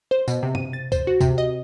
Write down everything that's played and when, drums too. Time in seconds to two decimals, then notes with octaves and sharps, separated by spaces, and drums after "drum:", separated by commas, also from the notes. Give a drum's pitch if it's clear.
0.11 C5
0.28 B2, drum: tambourine
0.43 C3
0.55 D#7, drum: tom G2
0.73 A6
0.92 C5, drum: kick, tambourine
1.07 F#4
1.21 C3, drum: kick, tambourine
1.38 D#5